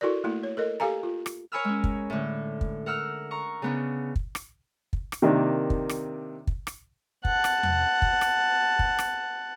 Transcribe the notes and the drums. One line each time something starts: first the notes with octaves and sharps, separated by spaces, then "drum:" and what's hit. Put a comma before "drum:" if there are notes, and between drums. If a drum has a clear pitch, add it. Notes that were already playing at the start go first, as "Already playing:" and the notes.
E4 F#4 A4 A#4 D5
A3 A#3 E4
C#5
A4 A#4 D#5
G4 A4 F5 G#5 A#5
F4
drum: rim click
A#4 C#5 G#5 B5 E6 F6
G#3 C#4
drum: kick
A2 D3
drum: kick
A#4 F#5 E6 F6
A#5 C#6
C#3 B3 D4
drum: kick
drum: rim click
drum: kick
drum: rim click
C3 D#3 A#3 D4
drum: kick
drum: rim click
drum: kick
drum: rim click
F#5 A5, drum: kick
drum: rim click
drum: tom E2
drum: kick
drum: rim click
drum: kick
drum: rim click